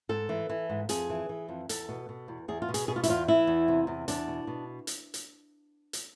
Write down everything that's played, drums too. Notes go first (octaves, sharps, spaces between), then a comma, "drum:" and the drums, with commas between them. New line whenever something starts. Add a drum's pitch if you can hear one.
G#2 A4
E3
E3
G#2
F2 G#4, drum: hi-hat
E3
E3
F2
E2 A4, drum: hi-hat
B2
B2
E2
E2 G#4
F4
B2
G#4, drum: hi-hat
B2 G#4
F4
E4, drum: hi-hat
E2 F4
E3 E4
E2
C3
E2
E2 D4, drum: hi-hat
B2
B2
drum: hi-hat
drum: hi-hat
drum: hi-hat